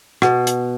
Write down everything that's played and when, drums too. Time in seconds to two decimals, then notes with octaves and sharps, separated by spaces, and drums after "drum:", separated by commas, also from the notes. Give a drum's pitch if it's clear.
0.22 B2, drum: rim click
0.47 drum: hi-hat